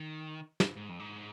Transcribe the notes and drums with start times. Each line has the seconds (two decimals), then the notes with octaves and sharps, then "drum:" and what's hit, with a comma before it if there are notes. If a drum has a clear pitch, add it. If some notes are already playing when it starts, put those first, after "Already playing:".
Already playing: D#3
0.60 drum: snare
0.76 G#2
0.89 F2
0.99 G#2